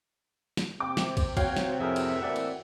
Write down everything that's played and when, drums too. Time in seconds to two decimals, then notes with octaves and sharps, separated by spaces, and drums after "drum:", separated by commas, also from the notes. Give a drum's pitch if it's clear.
0.57 drum: snare
0.80 C3 C4 G5 D6
0.97 drum: snare
1.17 drum: kick, cymbal
1.37 F#4 C#5 F5 G5 G6 G#6, drum: kick, cymbal
1.56 drum: snare
1.80 F2 A2 G#4 A#4 E5
1.96 drum: cymbal
2.22 E3 A#3 C4 D5 F#5
2.36 drum: cymbal